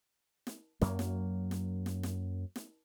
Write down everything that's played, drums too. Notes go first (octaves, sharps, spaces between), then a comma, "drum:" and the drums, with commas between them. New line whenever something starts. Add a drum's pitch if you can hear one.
drum: snare
F#2 F#3 A#3, drum: snare
drum: snare
drum: snare
drum: snare
drum: snare
drum: snare